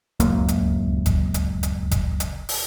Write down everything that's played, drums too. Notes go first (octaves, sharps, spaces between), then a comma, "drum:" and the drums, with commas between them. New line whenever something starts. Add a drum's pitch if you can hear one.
D1 C#2 F#2 A#3, drum: hi-hat
drum: hi-hat
drum: kick F#1, hi-hat
drum: hi-hat
drum: hi-hat
drum: kick F#1, hi-hat
drum: hi-hat
drum: open hi-hat